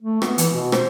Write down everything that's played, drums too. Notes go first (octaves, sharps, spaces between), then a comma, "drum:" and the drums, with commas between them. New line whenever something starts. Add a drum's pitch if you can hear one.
A3
B3, drum: rim click
E3, drum: hi-hat
B2
C5, drum: rim click